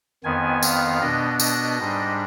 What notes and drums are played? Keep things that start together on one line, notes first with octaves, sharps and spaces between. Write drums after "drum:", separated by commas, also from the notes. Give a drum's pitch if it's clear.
F2 D#3 B3 G#5
F5, drum: tambourine
B2 B3 D4 D#5
D#5, drum: tambourine
G#2 G3 D4